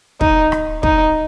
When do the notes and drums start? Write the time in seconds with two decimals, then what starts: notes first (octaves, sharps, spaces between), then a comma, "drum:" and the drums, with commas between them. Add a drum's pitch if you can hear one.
0.21 D#4, drum: kick
0.52 drum: rim click
0.83 D#4, drum: kick